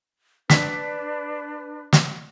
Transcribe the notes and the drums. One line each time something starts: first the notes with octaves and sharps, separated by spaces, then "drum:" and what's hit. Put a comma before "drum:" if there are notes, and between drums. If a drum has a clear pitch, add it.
D4 B4 B6, drum: snare
drum: snare